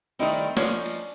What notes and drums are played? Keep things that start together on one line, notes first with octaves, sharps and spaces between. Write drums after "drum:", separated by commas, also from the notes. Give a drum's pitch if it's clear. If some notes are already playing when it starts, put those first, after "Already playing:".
D#3 G3 A3 C4 D#4 E4
F3 C#4 D4, drum: snare
drum: cymbal